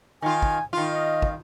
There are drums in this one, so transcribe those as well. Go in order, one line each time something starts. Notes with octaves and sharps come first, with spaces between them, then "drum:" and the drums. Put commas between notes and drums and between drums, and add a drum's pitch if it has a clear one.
D#3 F4 G#5
drum: kick
D#3 F4
D#5
drum: kick